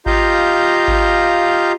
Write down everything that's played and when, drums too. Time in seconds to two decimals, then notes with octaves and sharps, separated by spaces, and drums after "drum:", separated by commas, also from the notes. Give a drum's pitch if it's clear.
0.06 F4 G4 D#5 F5 A#5 G6, drum: kick G#1
0.88 drum: kick G#1